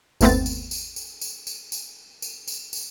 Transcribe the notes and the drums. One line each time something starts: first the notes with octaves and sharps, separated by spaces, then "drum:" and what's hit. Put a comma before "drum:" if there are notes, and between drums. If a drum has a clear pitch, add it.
G1 D#2 A3 B3 C4 A6, drum: tambourine
drum: tambourine
drum: tambourine
drum: tambourine
drum: tambourine
drum: tambourine
drum: tambourine
drum: tambourine
drum: tambourine
drum: tambourine